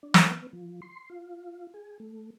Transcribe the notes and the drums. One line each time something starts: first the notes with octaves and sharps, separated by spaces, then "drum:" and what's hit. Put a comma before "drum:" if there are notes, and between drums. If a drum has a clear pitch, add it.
D4
drum: snare
B3
F3
C6
F4
G#4
A3